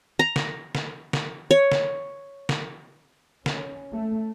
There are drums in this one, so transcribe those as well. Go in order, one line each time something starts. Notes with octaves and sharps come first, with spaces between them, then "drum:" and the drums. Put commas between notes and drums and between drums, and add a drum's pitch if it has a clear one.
A#5
drum: snare
drum: snare
drum: snare
C#5
drum: snare
drum: snare
C#4, drum: snare
A3